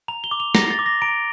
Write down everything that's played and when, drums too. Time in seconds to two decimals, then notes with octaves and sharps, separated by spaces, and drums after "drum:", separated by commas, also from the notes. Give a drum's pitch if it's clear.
0.08 A#5 F7
0.24 G7
0.31 D6
0.40 F7
0.55 A#5 A#6, drum: snare
0.71 A6
0.79 D6
0.86 A#6
1.02 A#5 D7